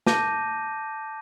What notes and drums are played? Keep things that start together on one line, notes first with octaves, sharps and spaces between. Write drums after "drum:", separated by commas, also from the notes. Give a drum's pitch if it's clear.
A5 D6 G6 A#6 D#7, drum: snare